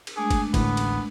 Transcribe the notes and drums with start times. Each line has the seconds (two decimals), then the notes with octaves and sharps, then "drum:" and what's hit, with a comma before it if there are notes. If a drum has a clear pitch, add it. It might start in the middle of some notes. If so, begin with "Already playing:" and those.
0.07 drum: cymbal
0.17 G#3 A3 D4 G#4
0.31 drum: kick F#1, cymbal
0.54 A1 D2 A2 B3, drum: kick F#1, cymbal
0.77 drum: cymbal